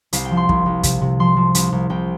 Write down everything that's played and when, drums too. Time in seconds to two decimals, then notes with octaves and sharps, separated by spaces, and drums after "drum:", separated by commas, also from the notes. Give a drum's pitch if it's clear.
0.13 C2 F5, drum: hi-hat
0.25 G5
0.31 F3
0.37 C6
0.49 C2, drum: kick
0.66 C2
0.83 C3, drum: kick, hi-hat
1.01 C3
1.19 F3 C6
1.37 F3
1.55 C2, drum: hi-hat
1.72 C2
1.90 C2 G5